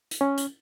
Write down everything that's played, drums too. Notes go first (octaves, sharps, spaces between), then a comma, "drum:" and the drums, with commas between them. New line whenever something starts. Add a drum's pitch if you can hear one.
drum: hi-hat
C#4
drum: hi-hat